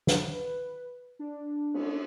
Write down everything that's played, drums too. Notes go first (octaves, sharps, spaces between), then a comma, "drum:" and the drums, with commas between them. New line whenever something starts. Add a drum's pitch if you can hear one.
B4, drum: snare
D4
drum: cymbal